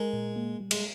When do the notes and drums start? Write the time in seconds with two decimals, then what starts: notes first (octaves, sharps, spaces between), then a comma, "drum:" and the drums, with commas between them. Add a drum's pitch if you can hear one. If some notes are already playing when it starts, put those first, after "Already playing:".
Already playing: G#3 A#4
0.13 A#2
0.36 A#3
0.60 G3
0.71 G#3, drum: cymbal